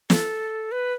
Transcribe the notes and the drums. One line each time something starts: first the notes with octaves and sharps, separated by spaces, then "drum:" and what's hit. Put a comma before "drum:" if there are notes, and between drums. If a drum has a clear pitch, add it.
A4, drum: snare
B4